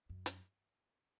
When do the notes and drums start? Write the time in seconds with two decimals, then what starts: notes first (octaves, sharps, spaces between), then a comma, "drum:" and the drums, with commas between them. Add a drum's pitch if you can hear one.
0.10 F#2
0.26 drum: hi-hat